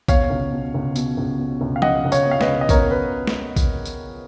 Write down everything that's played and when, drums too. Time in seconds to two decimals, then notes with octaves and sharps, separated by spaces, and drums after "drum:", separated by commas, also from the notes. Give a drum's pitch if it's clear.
0.08 B2 C#5 F5, drum: kick, tambourine
0.30 C#2
0.52 B2
0.74 C#2
0.96 B2, drum: tambourine
1.17 C#2
1.39 B2
1.61 C#2
1.76 F5
1.82 B2 D#5 F#5, drum: tom F3
2.05 C#2
2.12 C#5 F5, drum: tambourine
2.26 B2
2.31 F5
2.41 B4 D#5, drum: snare
2.48 C#2
2.61 D#5
2.69 B2 A#4 C#5, drum: kick, tambourine
2.91 B4
3.27 drum: snare
3.56 drum: kick, tambourine
3.85 drum: tambourine